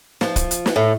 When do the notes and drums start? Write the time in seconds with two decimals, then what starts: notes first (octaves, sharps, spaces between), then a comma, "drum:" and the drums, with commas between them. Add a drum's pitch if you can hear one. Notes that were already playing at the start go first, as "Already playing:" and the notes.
0.21 F3, drum: snare
0.36 drum: kick, hi-hat
0.51 drum: hi-hat
0.66 drum: snare
0.76 A2